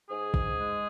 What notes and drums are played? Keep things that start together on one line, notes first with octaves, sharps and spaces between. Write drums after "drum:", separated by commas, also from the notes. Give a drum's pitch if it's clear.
G#2 G#4
G#2, drum: kick
G#3